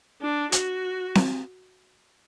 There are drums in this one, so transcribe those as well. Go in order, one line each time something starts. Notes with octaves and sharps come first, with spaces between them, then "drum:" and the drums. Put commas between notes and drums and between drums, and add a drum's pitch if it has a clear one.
D4
F#4, drum: hi-hat
drum: snare C4